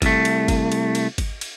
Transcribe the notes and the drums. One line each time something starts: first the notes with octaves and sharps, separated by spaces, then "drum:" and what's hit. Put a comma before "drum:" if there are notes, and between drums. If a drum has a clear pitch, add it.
C2 A3, drum: kick G#1, cymbal
drum: cymbal
drum: kick G#1, cymbal
drum: cymbal
drum: cymbal
drum: kick G#1, cymbal
drum: cymbal